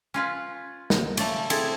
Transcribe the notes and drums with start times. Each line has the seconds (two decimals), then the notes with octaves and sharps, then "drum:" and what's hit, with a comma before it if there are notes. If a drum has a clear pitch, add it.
0.14 C#4 F4 B4
0.90 drum: snare
1.17 C#3 A3 C#4 D5, drum: cymbal
1.50 C4 E4 G#4 A4, drum: cymbal